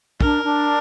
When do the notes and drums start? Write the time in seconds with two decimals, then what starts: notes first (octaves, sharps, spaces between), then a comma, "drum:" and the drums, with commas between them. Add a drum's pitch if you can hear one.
0.21 D4 A#4, drum: kick
0.44 D4